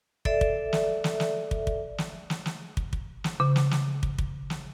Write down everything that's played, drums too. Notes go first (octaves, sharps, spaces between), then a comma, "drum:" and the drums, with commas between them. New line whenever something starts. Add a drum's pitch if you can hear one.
A4 D5 E5, drum: kick
drum: kick
drum: snare
drum: snare
drum: snare
drum: kick
drum: kick
drum: snare
drum: snare
drum: snare
drum: kick
drum: kick
drum: snare
C#3
drum: snare
drum: snare
drum: kick
drum: kick
drum: snare